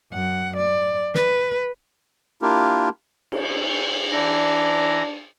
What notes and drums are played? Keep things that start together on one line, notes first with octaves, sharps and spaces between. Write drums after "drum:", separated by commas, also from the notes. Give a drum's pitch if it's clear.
F#2 F#5
D5
B4, drum: snare
A#3 D4 E4 F4 G4 A#4
drum: cymbal
E3 D4 A#5